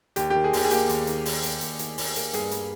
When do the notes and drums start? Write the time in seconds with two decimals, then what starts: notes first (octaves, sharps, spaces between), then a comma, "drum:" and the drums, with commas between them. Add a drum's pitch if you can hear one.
0.16 D#2 G4, drum: hi-hat
0.30 D#3 G4
0.44 G#4
0.53 D#2 G4, drum: open hi-hat
0.65 G#4
0.71 A#3 G4, drum: hi-hat
0.89 D#2, drum: hi-hat
1.07 D#3, drum: hi-hat
1.25 D#2, drum: open hi-hat
1.43 A#3, drum: hi-hat
1.61 D#2, drum: hi-hat
1.79 D#3, drum: hi-hat
1.98 D#2, drum: open hi-hat
2.16 A#3, drum: hi-hat
2.33 G2 G#4, drum: hi-hat
2.51 G3, drum: hi-hat